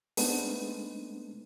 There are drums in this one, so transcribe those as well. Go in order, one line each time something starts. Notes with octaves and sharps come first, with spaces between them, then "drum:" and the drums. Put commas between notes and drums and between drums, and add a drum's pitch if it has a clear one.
G#3 A3 B3 C4 D4 D#4, drum: open hi-hat